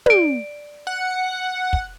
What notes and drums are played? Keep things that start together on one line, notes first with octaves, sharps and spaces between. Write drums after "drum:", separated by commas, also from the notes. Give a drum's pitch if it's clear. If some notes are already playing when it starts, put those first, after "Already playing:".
D5 D7, drum: tom
F#5
drum: kick